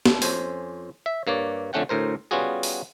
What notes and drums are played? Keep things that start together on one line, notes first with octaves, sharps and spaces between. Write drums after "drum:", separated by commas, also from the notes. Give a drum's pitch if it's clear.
drum: snare
F2 C#4 C5 G#5, drum: open hi-hat
E5
G2 A#3 C#5 D5
F2 D3 A3 C#4 F#5 G5
D2 A2 A#4 C5
G3 B3 C#4 F4 F#4 G#4
drum: open hi-hat